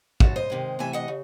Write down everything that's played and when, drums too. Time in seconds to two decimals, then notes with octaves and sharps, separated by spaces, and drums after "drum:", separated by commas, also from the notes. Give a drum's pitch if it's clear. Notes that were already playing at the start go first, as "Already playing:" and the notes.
0.20 C#3 G#3 F#4 A4, drum: kick
0.36 C5 D#5
0.50 C3 D#3 G#3
0.79 C3 E3 A3 E5 G#5
0.93 D#5 F#5
1.08 C#3